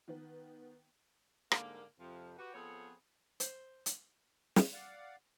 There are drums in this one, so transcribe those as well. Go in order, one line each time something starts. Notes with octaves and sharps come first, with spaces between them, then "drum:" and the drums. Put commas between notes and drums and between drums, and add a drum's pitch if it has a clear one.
D#3 B3
G#2 D3 G3 A#3, drum: rim click
F2 C3 F3
F#4 G4 B4
F3 B3 C4 G#4 A4 C#5
C5, drum: hi-hat
drum: hi-hat
drum: snare
D5 F5 F#5